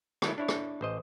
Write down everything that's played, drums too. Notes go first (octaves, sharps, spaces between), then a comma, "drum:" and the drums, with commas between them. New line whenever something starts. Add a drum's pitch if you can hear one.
D#3 F#3 A3 E4, drum: rim click
D4 E4 C#5
drum: rim click
A1 C5 D#5